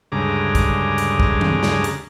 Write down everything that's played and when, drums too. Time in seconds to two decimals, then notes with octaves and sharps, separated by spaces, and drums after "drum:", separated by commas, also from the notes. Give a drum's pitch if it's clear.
0.12 D2 G2 C#3 G#3 A#5 D6
0.55 drum: kick, hi-hat
0.98 drum: hi-hat
1.20 drum: kick
1.41 drum: tom D#3
1.63 drum: snare
1.84 drum: hi-hat